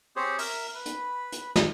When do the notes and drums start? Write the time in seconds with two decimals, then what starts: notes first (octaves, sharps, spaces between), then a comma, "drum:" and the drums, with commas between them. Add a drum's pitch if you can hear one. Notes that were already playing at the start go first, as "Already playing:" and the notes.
0.16 C4 G4 G#4 C5 C#5
0.39 A#4 E5 A#5 E6, drum: open hi-hat
0.75 B4 B5
0.86 drum: hi-hat
1.32 drum: hi-hat
1.56 drum: snare